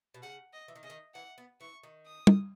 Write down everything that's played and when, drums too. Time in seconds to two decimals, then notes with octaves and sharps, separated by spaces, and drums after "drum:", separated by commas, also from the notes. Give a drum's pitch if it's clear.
0.14 B2
0.23 C#3 F#5
0.53 D#5
0.68 E3
0.75 D#3
0.83 C#3 D#5
0.90 D#3
1.14 E3 F#5
1.38 B3
1.60 E3 C#6
1.83 D#3
2.07 D#6
2.27 drum: tom